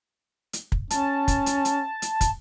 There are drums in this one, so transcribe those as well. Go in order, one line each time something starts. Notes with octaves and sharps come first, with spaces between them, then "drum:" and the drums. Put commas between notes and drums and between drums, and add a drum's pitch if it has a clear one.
drum: hi-hat
drum: kick
C#4 A5, drum: hi-hat
drum: kick, hi-hat
drum: hi-hat
drum: hi-hat
drum: hi-hat
drum: kick, hi-hat